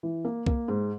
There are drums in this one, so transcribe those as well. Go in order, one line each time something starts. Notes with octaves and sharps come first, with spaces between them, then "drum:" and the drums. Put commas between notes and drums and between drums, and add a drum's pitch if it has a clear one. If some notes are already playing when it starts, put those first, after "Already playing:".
E3
A#3
A#3, drum: kick C2
G#2